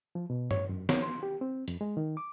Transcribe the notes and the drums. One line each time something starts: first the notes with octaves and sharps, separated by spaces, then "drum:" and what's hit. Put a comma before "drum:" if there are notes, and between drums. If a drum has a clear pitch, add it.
F3
B2
C#5, drum: tom G2
F#2
C#5, drum: snare
C6
G4
C4
F2, drum: hi-hat
G#3
D#3
D6